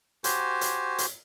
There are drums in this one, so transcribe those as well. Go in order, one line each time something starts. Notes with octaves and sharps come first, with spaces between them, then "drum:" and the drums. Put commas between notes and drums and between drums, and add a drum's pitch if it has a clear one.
F#4 G4 C5 G#5, drum: hi-hat
drum: hi-hat
drum: hi-hat